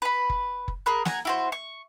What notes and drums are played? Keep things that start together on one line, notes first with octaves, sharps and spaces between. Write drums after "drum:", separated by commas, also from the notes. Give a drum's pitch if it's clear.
B4 B5
drum: kick F#1
drum: kick F#1
G#4 A#4 B5 F#6
F#5 G#5 A#5, drum: snare
E4 F#4 C5
C#6